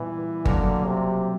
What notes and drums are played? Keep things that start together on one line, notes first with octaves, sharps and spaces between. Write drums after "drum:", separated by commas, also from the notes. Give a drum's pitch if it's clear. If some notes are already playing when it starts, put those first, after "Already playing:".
Already playing: A#2 E3 G3 B3
B2 D3 F#3 A#3 C#4, drum: kick G1
C3